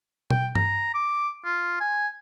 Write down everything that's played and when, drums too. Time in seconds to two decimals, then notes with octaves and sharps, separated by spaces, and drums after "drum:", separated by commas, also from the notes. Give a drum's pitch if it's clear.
0.30 G5, drum: tom B2
0.55 A#5, drum: tom G2
0.94 D6
1.45 F4
1.80 G#5